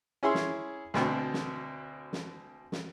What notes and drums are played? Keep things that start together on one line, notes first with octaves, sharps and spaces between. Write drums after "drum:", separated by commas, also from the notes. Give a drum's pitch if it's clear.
C#4 E4 G#4 C6 E6
drum: snare
D2 B2 C4, drum: snare
drum: snare
drum: snare
drum: snare